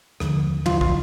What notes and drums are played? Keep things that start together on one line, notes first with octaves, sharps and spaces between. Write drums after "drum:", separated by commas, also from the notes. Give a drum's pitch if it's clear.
D#2 D3 F3, drum: rim click
D#2 D3 F3 F4, drum: tom
F4, drum: kick